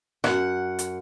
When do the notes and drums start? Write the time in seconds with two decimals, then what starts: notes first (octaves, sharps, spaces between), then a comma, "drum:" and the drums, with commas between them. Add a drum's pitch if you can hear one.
0.24 F#2 F#5, drum: rim click
0.79 drum: hi-hat